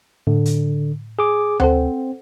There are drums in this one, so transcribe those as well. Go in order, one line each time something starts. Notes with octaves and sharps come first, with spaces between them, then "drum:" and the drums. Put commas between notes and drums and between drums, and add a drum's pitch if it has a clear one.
A2 D3
drum: hi-hat
G#4 D6
C4 A4 C5 F#5, drum: tom D2